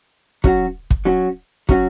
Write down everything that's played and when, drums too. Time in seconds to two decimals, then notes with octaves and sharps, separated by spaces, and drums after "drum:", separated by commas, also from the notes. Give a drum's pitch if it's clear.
0.44 F#3 C#4 F#4, drum: kick
0.90 drum: kick
1.05 F#3 C#4 F#4
1.69 F#3 C#4 F#4, drum: kick